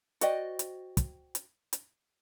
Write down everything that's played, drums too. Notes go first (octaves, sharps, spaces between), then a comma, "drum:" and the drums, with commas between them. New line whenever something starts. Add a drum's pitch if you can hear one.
F#4 C5 D5 D#5 G5, drum: hi-hat
drum: hi-hat
drum: kick, hi-hat
drum: hi-hat
drum: hi-hat